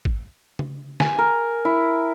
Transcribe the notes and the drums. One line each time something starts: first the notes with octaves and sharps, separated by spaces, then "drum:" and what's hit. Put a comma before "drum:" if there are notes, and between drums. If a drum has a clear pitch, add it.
drum: kick
drum: tom C#3
G#5, drum: snare
A#4
E4